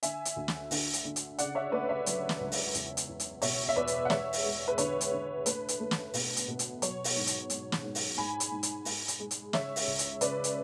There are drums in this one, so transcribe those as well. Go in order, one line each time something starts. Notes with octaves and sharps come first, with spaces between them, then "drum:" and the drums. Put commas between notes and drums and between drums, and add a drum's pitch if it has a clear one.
D3 E5 G#5, drum: hi-hat
drum: hi-hat
D2
drum: snare
D3, drum: open hi-hat
drum: hi-hat
D3
drum: hi-hat
C#3 D5 F#5, drum: hi-hat
C#5 E5
A3 B4 D5
C#5 E5
F#3, drum: hi-hat
drum: snare
C#2
drum: open hi-hat
E2, drum: hi-hat
drum: hi-hat
E2
drum: hi-hat
B2 C#5 E5, drum: open hi-hat
E5
E2 B4 D5
drum: hi-hat
F#5
G#3 C#5 E5, drum: snare
drum: open hi-hat
G#3
B4
D3 C#5, drum: hi-hat
drum: hi-hat
D3
A3 B4, drum: hi-hat
drum: hi-hat
A3
drum: snare
B2, drum: open hi-hat
drum: hi-hat
B2
drum: hi-hat
F#3 C#5, drum: hi-hat
drum: open hi-hat
G#2
drum: hi-hat
G#2, drum: hi-hat
drum: snare
G#2
drum: open hi-hat
G#2 G#5 B5
drum: hi-hat
G#2
drum: hi-hat
G#2, drum: open hi-hat
drum: hi-hat
G#3
drum: hi-hat
C#3 C#5 E5, drum: snare
drum: open hi-hat
C#2
drum: hi-hat
C#3 B4 D5, drum: hi-hat
drum: hi-hat